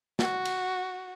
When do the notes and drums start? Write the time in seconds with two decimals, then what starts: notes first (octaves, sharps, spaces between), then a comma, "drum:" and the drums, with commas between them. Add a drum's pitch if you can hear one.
0.19 F#4, drum: snare
0.45 drum: cymbal